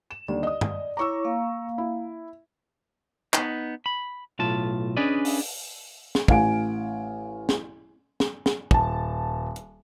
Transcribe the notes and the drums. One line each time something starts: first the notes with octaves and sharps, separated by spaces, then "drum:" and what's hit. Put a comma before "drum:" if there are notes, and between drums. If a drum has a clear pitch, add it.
E7
D#2 D3 G3 D5
D#5 D#6
drum: tom G2
E4 C#5 A#5 C#6 D6 E6
A#3 F5
E4
B3 D#4, drum: clap
B5
B1 A2 F4 A5
C#4 D4 G#4 B4 D5 D#5
drum: open hi-hat
drum: snare
A1 F5 G#5 D7, drum: kick
drum: snare
drum: snare
drum: snare
D#1 A5, drum: kick
drum: hi-hat